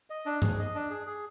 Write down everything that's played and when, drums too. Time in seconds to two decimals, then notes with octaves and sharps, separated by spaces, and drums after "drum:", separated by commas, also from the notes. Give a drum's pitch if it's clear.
0.10 D#5
0.26 D4
0.42 G#4, drum: tom G2
0.59 D#5
0.75 D4
0.90 G#4
1.07 G#4